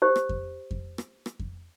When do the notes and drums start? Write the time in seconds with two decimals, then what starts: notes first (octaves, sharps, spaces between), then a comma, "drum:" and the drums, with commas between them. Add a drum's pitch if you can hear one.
0.02 G4 C5
0.16 drum: rim click
0.29 drum: kick F2
0.71 drum: kick F2
0.98 drum: rim click
1.26 drum: rim click
1.39 drum: kick F2